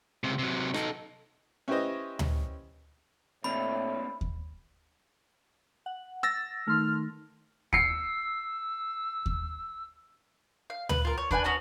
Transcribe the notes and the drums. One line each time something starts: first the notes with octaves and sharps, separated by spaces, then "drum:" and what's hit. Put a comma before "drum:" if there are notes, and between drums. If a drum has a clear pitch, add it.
C#2 C3
C3 F#3
D#4 A4, drum: rim click
C#4 E4 G4 B4 C5 D#5
drum: tom D2
A2 A#3 C4 D4 B5
drum: kick D#2
F#5
E6 A6 A#6
D#3 A3 C6 F6
E6 C7 C#7, drum: kick D#2
drum: kick D#2
F5
B4, drum: tom D2
F4 A#4
C#5
D4 B4 F#5 G#5, drum: kick D#2
B3 C#4 F#4 A5